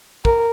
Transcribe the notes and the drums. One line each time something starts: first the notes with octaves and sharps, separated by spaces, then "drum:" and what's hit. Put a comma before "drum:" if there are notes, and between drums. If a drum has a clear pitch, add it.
A#4, drum: kick